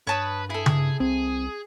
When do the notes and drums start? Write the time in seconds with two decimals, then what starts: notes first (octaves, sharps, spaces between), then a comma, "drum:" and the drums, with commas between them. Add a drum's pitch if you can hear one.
0.07 G2 B4 C#5 A5 D#6
0.50 E4 G#4 A4
0.66 drum: tom C#3
1.00 C2 C4 G#4